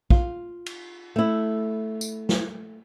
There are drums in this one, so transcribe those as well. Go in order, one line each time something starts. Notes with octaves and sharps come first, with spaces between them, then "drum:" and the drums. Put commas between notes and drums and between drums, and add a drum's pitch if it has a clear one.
F4, drum: kick
drum: cymbal
A3 E4
drum: tambourine
drum: snare